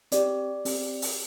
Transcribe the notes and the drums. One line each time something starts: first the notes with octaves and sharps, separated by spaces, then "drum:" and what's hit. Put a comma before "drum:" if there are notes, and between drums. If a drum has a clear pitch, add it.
C4 G4 D5, drum: hi-hat
C4 G4, drum: open hi-hat
drum: open hi-hat